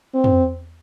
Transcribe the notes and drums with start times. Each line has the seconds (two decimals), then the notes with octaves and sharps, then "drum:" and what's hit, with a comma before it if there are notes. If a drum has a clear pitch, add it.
0.14 C4
0.24 drum: tom